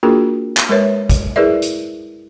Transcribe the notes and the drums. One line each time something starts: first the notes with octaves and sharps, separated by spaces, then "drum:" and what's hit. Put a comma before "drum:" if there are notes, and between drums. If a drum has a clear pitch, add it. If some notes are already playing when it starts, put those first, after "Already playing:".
A#3 D4 F4 F#4 G#4 A#4
drum: clap
G#3 A#4 B4 C#5 E5
drum: kick, hi-hat
E4 G#4 A#4 B4 D5 E5
drum: hi-hat